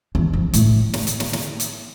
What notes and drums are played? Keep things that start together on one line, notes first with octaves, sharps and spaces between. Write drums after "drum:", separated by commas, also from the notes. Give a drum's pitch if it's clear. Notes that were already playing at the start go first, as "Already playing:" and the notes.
E2
F2
A2, drum: hi-hat
drum: snare
drum: hi-hat
drum: snare
drum: snare
drum: hi-hat